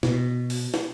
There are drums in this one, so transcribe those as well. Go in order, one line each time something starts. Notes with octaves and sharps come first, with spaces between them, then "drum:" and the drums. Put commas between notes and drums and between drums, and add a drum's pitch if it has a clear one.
B2, drum: snare
drum: open hi-hat
drum: snare